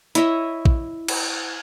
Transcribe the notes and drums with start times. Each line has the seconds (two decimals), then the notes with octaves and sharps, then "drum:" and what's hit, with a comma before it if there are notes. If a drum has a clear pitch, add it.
0.15 E4 C#5 D#5 E5, drum: hi-hat
0.65 drum: kick
1.08 drum: cymbal